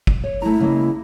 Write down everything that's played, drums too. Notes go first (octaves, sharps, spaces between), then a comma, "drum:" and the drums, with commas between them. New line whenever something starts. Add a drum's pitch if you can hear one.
drum: kick
C#5
A3 E4 A#5
C#3 G#3 A#3